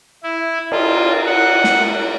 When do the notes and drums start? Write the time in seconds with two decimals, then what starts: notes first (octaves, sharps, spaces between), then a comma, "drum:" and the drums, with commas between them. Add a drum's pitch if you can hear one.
0.23 E4
0.72 F4, drum: cymbal
1.27 F#5
1.64 drum: snare